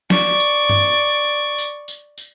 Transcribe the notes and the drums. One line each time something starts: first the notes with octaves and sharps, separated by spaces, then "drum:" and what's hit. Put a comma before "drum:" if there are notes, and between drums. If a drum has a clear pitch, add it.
D5 C#6, drum: snare
drum: tambourine
drum: tom
drum: tambourine
drum: tambourine
drum: tambourine